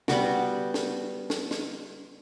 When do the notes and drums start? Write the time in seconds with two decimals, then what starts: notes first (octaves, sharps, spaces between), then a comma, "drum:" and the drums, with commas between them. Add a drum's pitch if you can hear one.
0.08 G3 B3 F#4, drum: snare
0.74 drum: snare
1.30 drum: snare
1.51 drum: snare